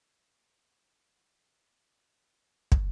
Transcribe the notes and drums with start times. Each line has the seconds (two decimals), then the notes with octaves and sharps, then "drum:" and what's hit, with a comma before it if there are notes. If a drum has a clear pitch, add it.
0.20 G#2 G#3
2.72 drum: kick